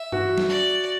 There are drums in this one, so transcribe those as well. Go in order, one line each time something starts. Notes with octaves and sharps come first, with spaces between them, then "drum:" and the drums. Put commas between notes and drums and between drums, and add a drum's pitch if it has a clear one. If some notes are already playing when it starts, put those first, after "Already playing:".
Already playing: E5
F#4, drum: tom G2
drum: snare
D5